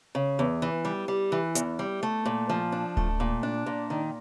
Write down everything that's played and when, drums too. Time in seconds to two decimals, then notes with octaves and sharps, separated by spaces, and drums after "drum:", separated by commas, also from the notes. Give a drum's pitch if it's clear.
0.15 C#3
0.39 E2
0.62 E3
0.85 G3
1.08 G3
1.32 E3
1.55 E2, drum: hi-hat
1.79 G3
2.03 A3
2.25 A#2
2.49 F3
2.72 D4
2.97 A3, drum: kick D1
3.20 A#2
3.43 D4
3.66 A#2
3.90 D#3